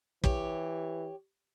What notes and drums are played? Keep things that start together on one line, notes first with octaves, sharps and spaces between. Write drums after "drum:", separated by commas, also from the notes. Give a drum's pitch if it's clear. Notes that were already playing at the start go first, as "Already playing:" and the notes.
E3 G4 C#5, drum: kick